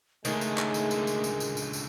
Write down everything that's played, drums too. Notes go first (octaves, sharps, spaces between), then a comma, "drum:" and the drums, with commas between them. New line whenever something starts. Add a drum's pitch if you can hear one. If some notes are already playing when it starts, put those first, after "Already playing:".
C#2 D3 D#3 G#3 A3 G#4, drum: tambourine
drum: tambourine
drum: clap
drum: tambourine
drum: tambourine
drum: tambourine
drum: tambourine
drum: tambourine
drum: tambourine
drum: tambourine